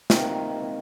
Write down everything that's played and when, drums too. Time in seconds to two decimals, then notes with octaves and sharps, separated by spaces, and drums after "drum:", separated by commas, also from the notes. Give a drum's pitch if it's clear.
0.10 C3 D#3 A#3, drum: snare